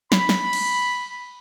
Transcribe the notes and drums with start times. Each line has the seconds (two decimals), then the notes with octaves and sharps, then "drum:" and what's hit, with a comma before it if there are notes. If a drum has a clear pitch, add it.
0.12 B5, drum: snare
0.29 drum: snare
0.53 drum: cymbal